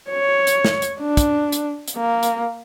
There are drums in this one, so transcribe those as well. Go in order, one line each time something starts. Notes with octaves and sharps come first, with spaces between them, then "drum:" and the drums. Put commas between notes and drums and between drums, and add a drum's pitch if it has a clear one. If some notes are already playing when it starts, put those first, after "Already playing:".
C#5
drum: hi-hat
drum: snare
drum: hi-hat
D4
drum: kick, hi-hat
drum: hi-hat
drum: hi-hat
A#3
drum: hi-hat